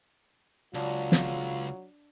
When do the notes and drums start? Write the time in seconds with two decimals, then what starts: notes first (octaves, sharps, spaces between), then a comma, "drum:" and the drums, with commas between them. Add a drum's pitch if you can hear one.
0.74 C#2 F#3 D4 F4
1.12 drum: snare